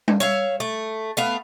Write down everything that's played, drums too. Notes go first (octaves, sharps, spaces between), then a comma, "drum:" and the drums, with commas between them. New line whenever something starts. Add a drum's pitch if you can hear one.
drum: tom G3
C#5 E5 F5
A3
A3 B3 F5